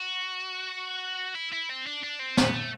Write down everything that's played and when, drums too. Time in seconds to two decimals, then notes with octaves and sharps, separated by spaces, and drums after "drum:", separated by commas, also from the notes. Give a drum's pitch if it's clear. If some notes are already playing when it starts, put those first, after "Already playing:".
Already playing: F#4
1.35 E4
1.53 E4
1.70 C4
1.87 D4
2.04 D4
2.20 C4
2.37 B3, drum: snare
2.54 A3